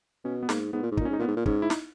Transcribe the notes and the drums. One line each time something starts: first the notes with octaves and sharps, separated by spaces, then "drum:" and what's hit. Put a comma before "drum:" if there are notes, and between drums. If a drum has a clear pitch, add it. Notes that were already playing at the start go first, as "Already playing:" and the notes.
B2 C#4
B3
G#2 A#3, drum: snare
G#2 B3
A#2
G#2
D#4, drum: kick
A#2
C#4
G#2 D#4
A#2 B3
G#2
A#2
G#2 C#4, drum: kick
E4
D#4, drum: snare